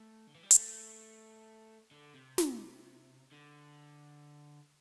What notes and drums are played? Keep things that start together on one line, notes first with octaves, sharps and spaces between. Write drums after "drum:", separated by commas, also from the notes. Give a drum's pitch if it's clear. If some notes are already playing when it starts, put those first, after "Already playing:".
Already playing: A3
D3
E3
G3
A3, drum: hi-hat
D3
C3
C3, drum: snare
D3